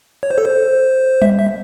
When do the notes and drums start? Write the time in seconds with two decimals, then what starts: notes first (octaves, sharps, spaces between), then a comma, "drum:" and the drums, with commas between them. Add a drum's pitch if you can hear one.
0.23 C#5
0.30 C5
0.38 A4
0.45 C5
1.22 E5, drum: tom G3
1.39 E5